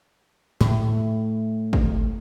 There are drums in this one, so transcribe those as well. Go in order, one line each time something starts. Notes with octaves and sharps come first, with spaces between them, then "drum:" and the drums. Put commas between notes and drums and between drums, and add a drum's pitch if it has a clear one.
A2 A3, drum: snare
drum: kick